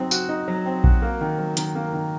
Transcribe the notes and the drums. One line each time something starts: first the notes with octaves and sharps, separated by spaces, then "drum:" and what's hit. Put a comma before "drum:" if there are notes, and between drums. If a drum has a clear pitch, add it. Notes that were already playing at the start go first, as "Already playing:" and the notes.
Already playing: F#3 C4 D#4
F#4, drum: tambourine
D#4
F#3
C4
F#4, drum: kick A#1
A#3
D#3
F#3
D#3, drum: hi-hat
A#3
D#3